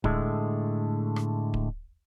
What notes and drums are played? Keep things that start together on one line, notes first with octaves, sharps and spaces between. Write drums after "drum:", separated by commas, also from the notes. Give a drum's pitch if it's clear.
A2 D3 G#3 A3, drum: kick D1
drum: rim click
drum: kick D1